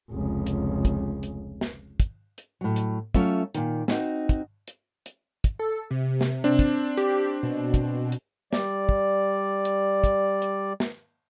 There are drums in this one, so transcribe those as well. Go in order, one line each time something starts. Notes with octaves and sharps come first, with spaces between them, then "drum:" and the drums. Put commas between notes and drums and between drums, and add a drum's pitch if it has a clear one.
F1 C#2
drum: hi-hat
drum: kick, hi-hat
drum: hi-hat
drum: snare
drum: kick, hi-hat
drum: hi-hat
A2 F#3
drum: hi-hat
F#3 A3 C#4 F4 A4 E5, drum: kick, hi-hat
A#2 D#3, drum: hi-hat
C4 D#4 F#4, drum: snare
drum: kick, hi-hat
drum: hi-hat
drum: hi-hat
drum: kick, hi-hat
A4
C3
drum: snare
C4 D4
drum: kick, hi-hat
G4, drum: hi-hat
B2
drum: kick, hi-hat
drum: hi-hat
G3 D5, drum: snare
drum: kick
drum: hi-hat
drum: kick, hi-hat
drum: hi-hat
drum: snare